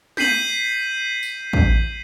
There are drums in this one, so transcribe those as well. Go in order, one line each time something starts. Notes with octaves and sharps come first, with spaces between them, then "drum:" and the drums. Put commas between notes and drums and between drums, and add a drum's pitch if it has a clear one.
G6 B6 C7 D#7 F#7, drum: snare
drum: tambourine
drum: kick